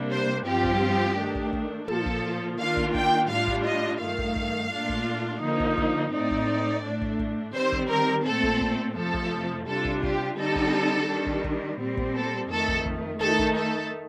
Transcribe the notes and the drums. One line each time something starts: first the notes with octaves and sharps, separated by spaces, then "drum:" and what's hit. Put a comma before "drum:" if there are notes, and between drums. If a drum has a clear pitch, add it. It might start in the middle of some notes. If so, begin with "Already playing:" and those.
Already playing: C3 G3 A#3 D4
C5
G2 F3 C4 F4 G4
drum: kick
D#3 A3 D4
drum: kick
drum: kick
A#2 F3 A#3 F4 A4, drum: tom
drum: kick
D#3 A#3 D4 F4 F5
drum: kick
G5, drum: kick
A2 G3 D4 F4 F5
drum: kick
D#5
G2 D#3 A3 F5
drum: kick
drum: kick
A#2 A3 D4 F4
drum: kick
D3 F3 A#3 D#4
drum: kick
drum: kick
A2 A3 C4 D#4 D5
drum: kick
A2 A3 D4
drum: kick
drum: kick
D#3 G3 C4 C5
drum: kick
A#4
A#2 A3 C4 A4
drum: kick
drum: kick
F2 C3 F3 A3 A4
drum: kick
C3 G3 D4 F4 A4
drum: kick
G4, drum: kick
D3 G3 C4 D#4 A4
drum: kick
D#3 G3 D4
drum: kick
drum: kick
A#2 G3 C4
drum: kick
A4
F2 D#3 A3 A4
drum: kick
drum: kick
D#3 A3 D#4 A4, drum: tom
drum: kick
A4